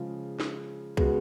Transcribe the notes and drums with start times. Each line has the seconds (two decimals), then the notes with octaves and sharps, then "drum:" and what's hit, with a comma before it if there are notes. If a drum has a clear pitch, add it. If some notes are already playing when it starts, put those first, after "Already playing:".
Already playing: C#3 F3 G#3
0.40 drum: snare
0.97 C#3 G#3 B3 F#4, drum: kick